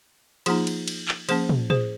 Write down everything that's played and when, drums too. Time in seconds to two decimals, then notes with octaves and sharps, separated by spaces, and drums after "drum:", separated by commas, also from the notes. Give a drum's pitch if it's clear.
0.46 F3 A#3 D#4 F4 G#4, drum: cymbal
0.67 drum: cymbal
0.88 drum: cymbal
1.08 drum: clap
1.29 F3 A#3 C#4 G#4 C5, drum: cymbal
1.49 drum: tom
1.70 G#4 C5, drum: tom